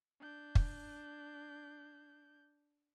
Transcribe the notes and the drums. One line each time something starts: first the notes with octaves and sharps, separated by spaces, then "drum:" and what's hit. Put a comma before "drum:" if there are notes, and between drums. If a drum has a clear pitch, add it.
D4 G6
drum: kick